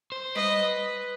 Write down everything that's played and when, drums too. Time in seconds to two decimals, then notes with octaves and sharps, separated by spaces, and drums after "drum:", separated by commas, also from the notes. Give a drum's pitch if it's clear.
0.12 C5
0.35 B4 D#5, drum: tom G3